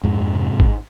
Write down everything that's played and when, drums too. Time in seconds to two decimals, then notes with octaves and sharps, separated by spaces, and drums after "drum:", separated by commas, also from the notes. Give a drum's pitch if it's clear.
0.04 F2 G#2 G#3
0.20 F2
0.35 C3
0.60 drum: kick G#1